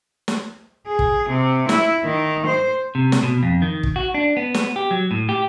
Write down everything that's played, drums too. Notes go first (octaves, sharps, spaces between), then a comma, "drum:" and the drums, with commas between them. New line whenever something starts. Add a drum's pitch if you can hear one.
drum: snare
G#4
drum: kick
C3
E4, drum: snare
D#3
C5
C3
drum: snare
B2
F2
D#3
drum: kick
F#4
D4
B3
drum: snare
G4
F#3
A2
G4